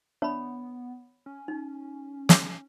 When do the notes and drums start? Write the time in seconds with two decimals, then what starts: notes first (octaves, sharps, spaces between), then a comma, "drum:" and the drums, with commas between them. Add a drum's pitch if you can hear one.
0.22 B3 D4 C#5 E5 B5
1.26 C#4
1.48 D#4
2.29 drum: snare